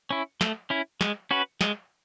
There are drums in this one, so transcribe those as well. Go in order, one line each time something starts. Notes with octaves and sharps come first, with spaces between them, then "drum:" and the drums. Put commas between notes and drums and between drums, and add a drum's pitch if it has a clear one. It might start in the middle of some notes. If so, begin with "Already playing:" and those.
C#4 E4
A3, drum: snare
C#4 E4
G#3, drum: snare
C#4 F#4 B4
G#3, drum: snare